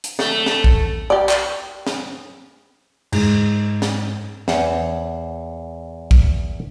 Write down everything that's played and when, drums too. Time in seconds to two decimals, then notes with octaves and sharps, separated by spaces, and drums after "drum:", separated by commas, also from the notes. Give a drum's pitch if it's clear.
0.04 drum: hi-hat
0.19 A3, drum: snare
0.46 drum: snare
0.64 drum: kick
1.10 G4 D5
1.29 drum: clap
1.87 drum: snare
3.12 G#2, drum: cymbal
3.82 drum: snare
4.48 E2 C5 C#5 F#5, drum: snare
6.11 drum: kick